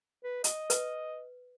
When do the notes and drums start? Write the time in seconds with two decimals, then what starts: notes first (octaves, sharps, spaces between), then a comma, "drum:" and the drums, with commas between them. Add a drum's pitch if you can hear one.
0.24 B4
0.44 D#5, drum: hi-hat
0.70 B4, drum: hi-hat